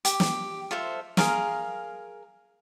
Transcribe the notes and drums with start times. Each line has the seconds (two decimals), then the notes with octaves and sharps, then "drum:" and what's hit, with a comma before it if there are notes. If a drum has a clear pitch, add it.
0.05 G4, drum: hi-hat
0.20 drum: snare
0.71 F4 A4 C5 E5
1.17 G#4 A#4 F5 C6, drum: snare